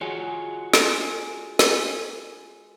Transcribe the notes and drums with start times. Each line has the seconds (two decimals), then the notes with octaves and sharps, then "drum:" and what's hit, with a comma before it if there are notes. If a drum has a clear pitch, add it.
0.01 G#3 F4 F#4 C#5
0.73 drum: snare
1.59 drum: snare